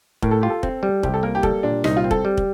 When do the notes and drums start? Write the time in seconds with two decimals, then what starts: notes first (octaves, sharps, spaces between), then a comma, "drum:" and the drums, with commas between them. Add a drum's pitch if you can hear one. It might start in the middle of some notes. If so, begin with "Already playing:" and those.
0.22 A2 A#4, drum: kick
0.31 A4
0.41 F4 G4
0.50 A4
0.63 C4, drum: kick
0.83 G3
1.03 C2 G4, drum: kick
1.14 A4
1.23 A#3 A#4
1.35 G4
1.43 G3 A4, drum: kick
1.63 A#2 D4
1.84 C2 D#4, drum: rim click
1.97 F4
2.04 C4
2.11 A4, drum: kick
2.25 G3
2.38 drum: kick